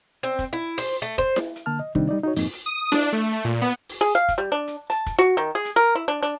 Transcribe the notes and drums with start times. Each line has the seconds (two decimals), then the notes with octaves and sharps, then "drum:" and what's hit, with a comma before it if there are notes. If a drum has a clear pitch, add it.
0.23 C4
0.39 drum: kick, hi-hat
0.53 E4
0.78 C5, drum: open hi-hat
1.02 A3
1.18 C5, drum: kick, hi-hat
1.36 drum: snare E4
1.56 drum: hi-hat
1.66 D3 A#3 A5 F6
1.79 D#5
1.95 C3 D#3 G3 C4 D4 D#4, drum: kick
2.09 G3 D#4 D5
2.24 D#4 F#4 C#5
2.36 F2 G#2 A#3 C4 D#4, drum: open hi-hat
2.53 drum: hi-hat
2.66 D#6
2.92 D4, drum: snare E4
3.13 A3, drum: hi-hat
3.31 drum: hi-hat
3.45 A#2
3.62 B3
3.90 drum: open hi-hat
4.01 G#4
4.15 F5
4.29 drum: kick, hi-hat
4.38 G3
4.52 D4
4.67 drum: hi-hat
4.90 A5, drum: hi-hat
5.06 drum: kick, hi-hat
5.19 F#4
5.37 D#3
5.55 G#4
5.65 drum: hi-hat
5.76 A#4
5.95 E4
6.08 D4
6.23 D4, drum: hi-hat